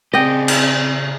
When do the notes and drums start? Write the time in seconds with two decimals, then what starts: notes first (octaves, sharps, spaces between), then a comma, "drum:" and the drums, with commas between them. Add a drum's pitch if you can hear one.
0.14 C#3 C4 G4 G#4 D5 D#5 G5
0.48 drum: cymbal